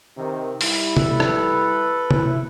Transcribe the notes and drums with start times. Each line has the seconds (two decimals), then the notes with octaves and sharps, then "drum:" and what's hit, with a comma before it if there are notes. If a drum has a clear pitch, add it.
0.16 C3 D#3
0.61 G3 E4, drum: open hi-hat
0.97 A4 B4, drum: tom C3
1.20 drum: rim click
2.11 E4, drum: tom C3